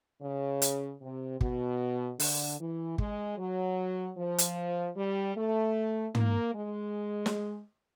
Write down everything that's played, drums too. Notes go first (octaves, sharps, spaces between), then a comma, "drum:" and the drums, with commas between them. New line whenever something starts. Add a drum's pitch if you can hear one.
C#3
drum: hi-hat
C3
B2, drum: kick
D3, drum: open hi-hat
E3
G#3, drum: kick
F#3
F3
drum: hi-hat
G3
A3
A#3, drum: tom
G#3
drum: snare